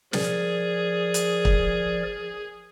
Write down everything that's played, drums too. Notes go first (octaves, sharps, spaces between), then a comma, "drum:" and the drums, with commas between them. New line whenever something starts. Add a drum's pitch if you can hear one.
F3 G#4 A#4 D5, drum: snare
drum: hi-hat
drum: kick